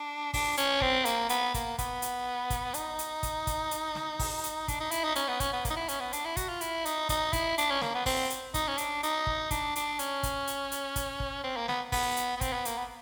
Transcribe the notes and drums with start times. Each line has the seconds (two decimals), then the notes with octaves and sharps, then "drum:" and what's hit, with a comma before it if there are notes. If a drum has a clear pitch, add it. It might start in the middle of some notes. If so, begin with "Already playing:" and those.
Already playing: D4
0.34 D4, drum: kick, open hi-hat
0.57 C#4, drum: hi-hat
0.81 C4, drum: kick
1.05 A#3, drum: hi-hat
1.29 B3, drum: hi-hat
1.54 A#3, drum: kick, hi-hat
1.78 B3, drum: kick, hi-hat
2.02 drum: hi-hat
2.50 drum: kick, hi-hat
2.74 D#4, drum: hi-hat
2.99 drum: hi-hat
3.23 drum: kick, hi-hat
3.47 drum: kick, hi-hat
3.71 drum: hi-hat
3.95 drum: snare
4.19 drum: kick, open hi-hat
4.44 drum: hi-hat
4.68 D4, drum: kick, hi-hat
4.80 D#4
4.91 E4, drum: hi-hat
5.04 D#4
5.15 C#4, drum: hi-hat
5.28 B3
5.40 C#4, drum: kick, hi-hat
5.53 B3
5.65 A#3, drum: kick, hi-hat
5.70 D#4
5.76 E4
5.88 C#4, drum: hi-hat
6.00 B3
6.13 D4, drum: hi-hat
6.25 E4
6.37 F#4, drum: kick, hi-hat
6.49 F4
6.61 E4, drum: hi-hat
6.85 D#4, drum: hi-hat
7.09 D#4, drum: kick, hi-hat
7.33 E4, drum: kick, hi-hat
7.58 D4, drum: hi-hat
7.70 C#4
7.82 A#3, drum: snare
7.94 B3
8.06 C4, drum: kick, open hi-hat
8.30 drum: hi-hat
8.54 D#4, drum: kick, hi-hat
8.68 C#4
8.78 D4, drum: hi-hat
9.03 D#4, drum: hi-hat
9.27 drum: kick
9.51 D4, drum: kick, hi-hat
9.76 D4, drum: hi-hat
9.99 C#4, drum: hi-hat
10.23 drum: kick, hi-hat
10.47 drum: hi-hat
10.72 drum: hi-hat
10.96 drum: kick, hi-hat
11.20 drum: kick
11.44 C4
11.57 A#3
11.68 B3, drum: snare
11.92 B3, drum: kick, open hi-hat
12.16 drum: hi-hat
12.37 B3
12.41 C4, drum: kick, hi-hat
12.53 B3
12.65 A#3, drum: hi-hat
12.77 B3